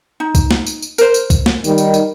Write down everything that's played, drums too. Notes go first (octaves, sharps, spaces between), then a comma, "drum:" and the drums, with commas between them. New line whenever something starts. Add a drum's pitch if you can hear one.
D#4
drum: kick C2, tambourine
drum: snare
drum: tambourine
drum: tambourine
A#4 C5, drum: tambourine
drum: tambourine
drum: kick C2, tambourine
drum: snare
D#3 G3, drum: tambourine
drum: tambourine
drum: tambourine